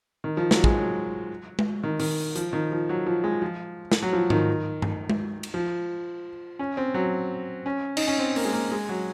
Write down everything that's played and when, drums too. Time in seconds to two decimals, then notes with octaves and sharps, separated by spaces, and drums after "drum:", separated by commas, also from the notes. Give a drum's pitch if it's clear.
0.24 D#3
0.37 F3
0.51 F#3, drum: snare
0.64 G#3, drum: kick
0.77 F#3
1.59 drum: tom G#3
1.83 D#3
2.00 D#3, drum: open hi-hat
2.36 F3, drum: hi-hat
2.53 D#3
2.72 F3
2.89 F#3
3.06 F3
3.24 G#3
3.42 F3
3.92 drum: snare
4.02 F#3
4.13 F3
4.30 D#3, drum: tom G#2
4.82 drum: tom G2
5.10 drum: tom G#3
5.43 drum: cymbal
5.54 F3
6.59 C#4
6.77 C4
6.94 F#3
7.66 C#4
7.97 D#4, drum: cymbal
8.07 C#4
8.19 C4
8.36 A#3, drum: open hi-hat
8.45 G#3
8.53 A#3
8.72 G#3
8.89 F#3